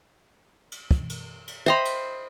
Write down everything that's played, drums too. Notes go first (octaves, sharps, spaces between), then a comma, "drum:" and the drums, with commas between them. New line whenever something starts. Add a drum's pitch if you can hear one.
drum: cymbal
drum: kick
drum: cymbal
drum: cymbal
C5 D#5 E5 G5 B5 C6
drum: cymbal